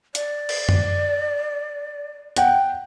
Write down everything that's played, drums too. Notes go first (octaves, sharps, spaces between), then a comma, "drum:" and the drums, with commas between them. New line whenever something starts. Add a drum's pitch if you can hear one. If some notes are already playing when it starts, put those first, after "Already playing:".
D5, drum: hi-hat
drum: cymbal
drum: tom F#2
F#5 G5, drum: hi-hat